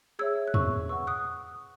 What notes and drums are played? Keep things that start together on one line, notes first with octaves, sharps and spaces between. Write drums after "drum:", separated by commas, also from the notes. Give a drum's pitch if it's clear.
G#4 C#5 E5 E6 G#6
F#6
C#6 E6, drum: tom E2
B4 F#5 C#6 E6
D#6 F#6